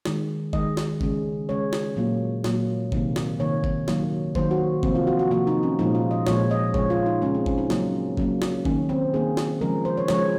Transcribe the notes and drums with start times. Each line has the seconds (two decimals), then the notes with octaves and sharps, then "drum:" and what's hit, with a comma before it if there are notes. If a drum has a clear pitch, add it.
0.05 D#3 G#3, drum: snare
0.53 D#3 G#3 D#5, drum: kick G1
0.77 drum: snare
1.01 C#3 G#3, drum: kick G1
1.49 C#3 G#3 C#5
1.73 drum: snare
1.96 A#2 F#3 A#3
2.44 A#2 F#3 A#3, drum: snare
2.92 C3 D#3 A#3, drum: kick G1
3.16 drum: snare
3.40 C3 D#3 A#3 C#5
3.64 drum: kick G1
3.88 D#3 F#3 A#3, drum: snare
4.35 D#3 F#3 A#3 C5, drum: kick G1
4.51 F#4
4.83 C3 F3 A#3 C4, drum: kick G1
4.95 F4
5.07 F#4
5.19 F#4
5.31 C3 F3 A#3 F#4
5.47 D#4
5.63 C#4
5.79 A#2 F3 G#3 D#4
5.95 F4
6.11 D#5
6.27 A#2 F3 G#3 C#5, drum: snare
6.51 D#5
6.74 C#3 G#3 C#5, drum: kick G1
6.90 F4
7.06 D#4
7.22 C#3 G#3 C#4
7.35 C4
7.46 C#4, drum: kick G1
7.58 D#4
7.70 C#3 F#3 A#3, drum: snare
8.17 C#3 F#3 A#3, drum: kick G1
8.42 drum: snare
8.65 D#3 A#3 C#4, drum: kick G1
8.89 C4
9.14 D#3 A#3 G#4
9.37 drum: snare
9.61 C#3 F3 G#3 A#4
9.85 C5
9.97 C#5
10.08 C#3 F3 G#3 C#5, drum: snare